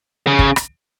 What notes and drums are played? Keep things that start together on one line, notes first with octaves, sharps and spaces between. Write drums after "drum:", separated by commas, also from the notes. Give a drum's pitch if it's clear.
C#3
drum: kick
drum: rim click